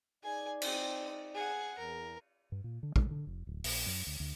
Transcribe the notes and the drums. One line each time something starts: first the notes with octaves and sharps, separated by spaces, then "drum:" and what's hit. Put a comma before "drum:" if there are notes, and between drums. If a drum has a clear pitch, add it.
D#4 G#4 D5 G#5
C4 D#6, drum: cymbal
G#4 F#5
E2 A#4
G2
A#2
D3
G#3, drum: kick
D3
F1
D1
A#1, drum: open hi-hat
F#2
D2
D2